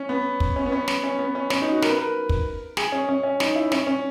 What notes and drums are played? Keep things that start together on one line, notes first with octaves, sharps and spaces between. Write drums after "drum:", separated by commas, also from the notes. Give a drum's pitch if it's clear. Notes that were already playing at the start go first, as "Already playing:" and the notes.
Already playing: C#4
B3
drum: kick
C#4
B3
C#4
drum: snare
C#4
B3
C#4
C#4, drum: snare
D#4
F#4
A#4, drum: snare
B4
A#4
drum: kick
G#4, drum: snare
C#4
C#4
C#4
D#4, drum: snare
E4
C#4, drum: snare
C#4